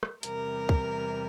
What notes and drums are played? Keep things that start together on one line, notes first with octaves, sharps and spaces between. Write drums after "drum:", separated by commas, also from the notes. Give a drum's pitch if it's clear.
drum: rim click
E2 C3 G3 A#4, drum: hi-hat
drum: kick